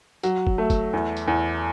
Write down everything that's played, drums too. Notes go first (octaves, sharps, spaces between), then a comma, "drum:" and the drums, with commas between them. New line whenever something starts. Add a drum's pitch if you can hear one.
F#3, drum: tambourine
drum: kick
A3
drum: kick, tambourine
E2
drum: tambourine
E2